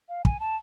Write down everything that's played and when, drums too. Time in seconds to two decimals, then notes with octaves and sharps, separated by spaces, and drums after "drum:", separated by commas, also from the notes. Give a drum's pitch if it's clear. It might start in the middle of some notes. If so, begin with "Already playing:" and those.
0.09 F5
0.25 G#5, drum: kick
0.40 A5